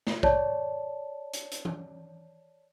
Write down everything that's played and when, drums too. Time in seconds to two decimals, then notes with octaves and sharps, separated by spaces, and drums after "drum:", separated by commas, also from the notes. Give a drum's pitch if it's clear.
0.07 drum: snare
0.23 C#5 D5 A5, drum: kick
1.33 drum: hi-hat
1.51 drum: hi-hat
1.65 drum: tom E3